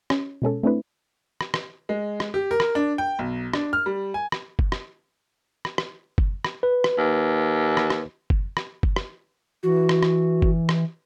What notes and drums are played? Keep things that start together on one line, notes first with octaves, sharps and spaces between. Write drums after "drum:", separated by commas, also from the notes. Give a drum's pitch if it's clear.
C#4, drum: rim click
B2 G#3 C#4 A4
A3 C4 D4 E4 B4
drum: rim click
drum: rim click
G#3
drum: rim click
G4
A#4
drum: rim click
D4
G5
B1
D4, drum: rim click
F6
G3
G#5
drum: rim click
drum: kick F#1
drum: rim click
drum: rim click
drum: rim click
drum: kick F#1
drum: rim click
B4
drum: rim click
D#2
drum: rim click
drum: rim click
drum: kick F#1
drum: rim click
drum: kick F#1
drum: rim click
E3 F#4
drum: rim click
drum: rim click
drum: kick F#1
drum: rim click